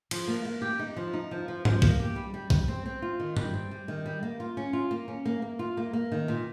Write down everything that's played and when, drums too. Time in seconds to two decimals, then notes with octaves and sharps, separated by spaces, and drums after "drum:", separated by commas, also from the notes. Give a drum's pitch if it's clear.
0.11 F3, drum: cymbal
0.28 A#3
0.45 A#3
0.62 G4
0.80 D#4
0.97 F3
1.13 D#4
1.31 F3
1.48 F3
1.65 F3, drum: tom G#2
1.82 A#3, drum: kick
2.00 G4
2.16 G3
2.34 G3
2.50 G3, drum: kick
2.68 C4
2.86 C4
3.02 F4
3.20 D#3
3.37 G3, drum: tom G2
3.53 C4
3.71 G3
3.88 D#3
4.06 G3
4.23 A#3
4.40 F4
4.57 C#4
4.73 F4
4.91 A#3
5.08 C#4
5.26 A#3
5.42 A#3
5.59 F4
5.77 A#3
5.93 A#3
6.12 D#3
6.28 A#2